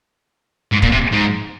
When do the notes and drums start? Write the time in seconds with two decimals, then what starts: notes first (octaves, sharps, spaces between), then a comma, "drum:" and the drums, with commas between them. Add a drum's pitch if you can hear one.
0.72 G#2
0.82 A#2, drum: kick
0.92 C3
1.12 G#2